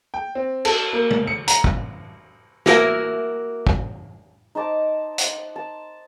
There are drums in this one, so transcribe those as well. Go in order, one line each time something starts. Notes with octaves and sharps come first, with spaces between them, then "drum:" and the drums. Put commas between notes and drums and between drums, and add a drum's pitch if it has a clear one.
G5
C4
A4, drum: cymbal
A#3
drum: tom
C#7
A#5, drum: hi-hat
drum: kick
A#3 E4 F#4 A#4, drum: snare
drum: kick
D#4 C5 A5 D6
drum: hi-hat
A5